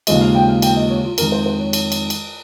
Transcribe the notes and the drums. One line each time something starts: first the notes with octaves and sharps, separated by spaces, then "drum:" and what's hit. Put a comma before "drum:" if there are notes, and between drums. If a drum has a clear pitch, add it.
D#2 C#3 F3 G#3 D#5, drum: cymbal
F5
G5
F5
G5, drum: cymbal
D#5
C#5
F4
F2 D#3 G#3 A#4, drum: cymbal
C5
C5
C#5
drum: cymbal
drum: cymbal
drum: cymbal